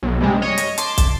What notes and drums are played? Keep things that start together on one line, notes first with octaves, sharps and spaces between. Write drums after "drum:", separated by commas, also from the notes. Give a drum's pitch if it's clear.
B1
G2 C3 G3 G#3
C#5 D#5
drum: hi-hat
A5 C6 D6 B6, drum: hi-hat
drum: kick, hi-hat